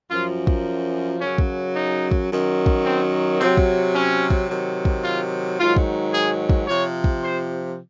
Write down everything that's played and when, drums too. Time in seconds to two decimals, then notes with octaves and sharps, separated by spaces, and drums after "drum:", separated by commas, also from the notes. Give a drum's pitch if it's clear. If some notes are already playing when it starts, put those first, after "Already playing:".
0.10 F#2 F3 F4
0.47 drum: kick
1.20 F#2 C#3 F#3 C#4
1.38 drum: kick
1.75 D#4
2.11 drum: kick
2.29 F#2 D#3 F#3
2.66 drum: kick
2.85 C4
3.39 C3 F#3 C4
3.57 drum: kick
3.94 C#4
4.30 drum: kick
4.49 C3 D#3 F#3
4.85 drum: kick
5.04 F4
5.58 G#2 D#3 F#3 F4
5.76 drum: kick
6.14 G#4
6.49 drum: kick
6.68 C3 F3 C#5
7.04 drum: kick
7.23 C5